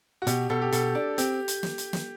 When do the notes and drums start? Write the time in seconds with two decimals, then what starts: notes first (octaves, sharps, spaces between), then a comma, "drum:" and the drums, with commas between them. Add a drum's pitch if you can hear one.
0.22 F#4
0.27 B2 G4, drum: hi-hat
0.50 B2 A4
0.62 G4
0.72 B2 A4, drum: hi-hat
0.95 D4
1.18 C4 G4, drum: hi-hat
1.48 drum: hi-hat
1.63 drum: snare
1.78 drum: hi-hat
1.93 drum: snare